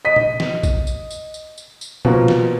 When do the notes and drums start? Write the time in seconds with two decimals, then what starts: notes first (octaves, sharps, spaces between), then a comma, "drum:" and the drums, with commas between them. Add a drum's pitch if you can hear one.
0.05 D#5 B6
0.16 drum: tom A#2
0.40 drum: snare
0.63 drum: kick A#1, tambourine
0.87 drum: tambourine
1.11 drum: tambourine
1.34 drum: tambourine
1.58 drum: tambourine
1.81 drum: tambourine
2.05 B2 F3 A#3, drum: tom A#2
2.28 drum: snare